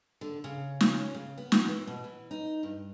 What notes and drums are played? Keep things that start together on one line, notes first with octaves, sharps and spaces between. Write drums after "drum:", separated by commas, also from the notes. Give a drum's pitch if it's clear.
D3
C#3
drum: snare
C#4
C#3
B3
drum: snare
E3
B2
E3
D#4
G2